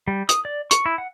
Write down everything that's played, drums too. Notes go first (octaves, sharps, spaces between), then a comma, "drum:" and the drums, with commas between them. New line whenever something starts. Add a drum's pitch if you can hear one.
G3
D#6, drum: hi-hat
D5
C#6, drum: hi-hat
E4
F#5